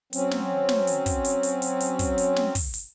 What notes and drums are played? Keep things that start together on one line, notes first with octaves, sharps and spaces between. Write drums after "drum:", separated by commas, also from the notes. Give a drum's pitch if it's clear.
F#3 C4 C#4, drum: hi-hat
drum: snare
drum: snare
drum: hi-hat
drum: kick, hi-hat
drum: hi-hat
drum: hi-hat
drum: hi-hat
drum: hi-hat
drum: kick, hi-hat
drum: hi-hat
drum: snare
drum: kick, open hi-hat
drum: hi-hat